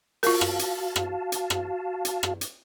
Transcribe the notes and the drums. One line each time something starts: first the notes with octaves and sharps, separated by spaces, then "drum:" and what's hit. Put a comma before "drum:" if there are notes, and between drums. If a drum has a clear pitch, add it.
F4 F#4 A#4 F5 A5, drum: open hi-hat
drum: rim click
drum: hi-hat
drum: rim click
drum: hi-hat
drum: rim click
drum: hi-hat
drum: rim click
drum: hi-hat